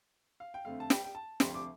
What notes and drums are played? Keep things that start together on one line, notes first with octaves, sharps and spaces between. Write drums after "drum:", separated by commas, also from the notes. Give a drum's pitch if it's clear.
F5
G5
F2 D3 A3 C4 F5
A5
G5, drum: snare
G5
A5
D2 C3 F3 C6, drum: snare
D6